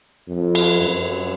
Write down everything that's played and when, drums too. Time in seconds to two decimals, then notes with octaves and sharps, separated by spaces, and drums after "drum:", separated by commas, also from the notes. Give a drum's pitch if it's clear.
0.28 F2
0.55 drum: cymbal
0.81 F#2